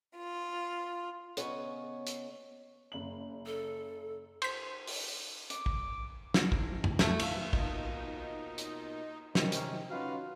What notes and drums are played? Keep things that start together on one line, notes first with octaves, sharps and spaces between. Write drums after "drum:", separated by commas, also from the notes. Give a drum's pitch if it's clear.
F4
C#3 B3 C#5 D#5, drum: hi-hat
drum: hi-hat
F#1 F#7
A4
C5 B6, drum: cymbal
drum: open hi-hat
D6, drum: hi-hat
drum: kick
D#4 E4 A#6, drum: snare
drum: kick
drum: tom F2
A3, drum: snare
F5 E6, drum: cymbal
B2 A#3 D#4 F4, drum: kick
drum: hi-hat
C3 D#3 C#4, drum: snare
drum: hi-hat
C#4 D#4 F4 F#4 B4 F5